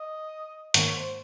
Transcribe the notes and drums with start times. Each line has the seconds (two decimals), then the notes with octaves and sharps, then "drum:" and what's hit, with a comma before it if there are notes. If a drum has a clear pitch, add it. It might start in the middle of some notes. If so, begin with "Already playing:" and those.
Already playing: D#5
0.74 G#2 D#3 A#3 C#5, drum: hi-hat
0.96 C5